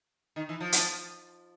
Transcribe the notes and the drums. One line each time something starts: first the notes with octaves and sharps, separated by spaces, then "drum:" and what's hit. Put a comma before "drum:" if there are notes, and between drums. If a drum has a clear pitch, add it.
D#3
E3
F3
drum: hi-hat